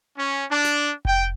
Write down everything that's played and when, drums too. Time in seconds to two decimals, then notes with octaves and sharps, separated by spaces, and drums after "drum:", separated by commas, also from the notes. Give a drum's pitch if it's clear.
0.17 C#4
0.49 D4
0.65 drum: snare
1.05 G5, drum: kick F1